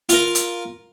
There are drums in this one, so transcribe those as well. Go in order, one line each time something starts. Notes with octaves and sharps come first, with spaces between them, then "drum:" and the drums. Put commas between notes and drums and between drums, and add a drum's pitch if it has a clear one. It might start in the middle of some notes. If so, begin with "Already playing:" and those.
F4 A#4, drum: hi-hat
drum: hi-hat